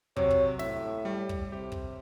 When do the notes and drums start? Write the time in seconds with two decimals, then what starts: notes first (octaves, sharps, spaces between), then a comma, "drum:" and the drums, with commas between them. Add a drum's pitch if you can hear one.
0.16 C3 F#3 C#5, drum: kick
0.31 drum: kick
0.59 A2 E5, drum: snare
1.05 G3
1.29 drum: kick
1.52 C3 G4
1.72 drum: kick